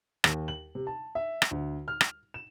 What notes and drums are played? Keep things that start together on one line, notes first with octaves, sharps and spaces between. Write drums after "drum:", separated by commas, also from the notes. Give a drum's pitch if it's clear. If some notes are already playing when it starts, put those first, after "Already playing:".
D#2, drum: rim click
F#7
C3
A5
E5
drum: rim click
D2
F6
drum: rim click
E7